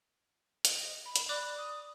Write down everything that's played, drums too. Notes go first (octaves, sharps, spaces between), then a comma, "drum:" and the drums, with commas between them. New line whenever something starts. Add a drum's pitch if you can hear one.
D#5, drum: hi-hat
B5
drum: hi-hat
D5 B5 D6 F#6
D#6